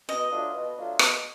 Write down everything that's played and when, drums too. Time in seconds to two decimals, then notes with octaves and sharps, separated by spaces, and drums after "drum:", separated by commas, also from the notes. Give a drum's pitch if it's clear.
0.08 B2 D#5
0.31 F#3 A3 D4 F4
0.54 B2
0.76 F#3 A3 D4 F4
0.99 B2, drum: rim click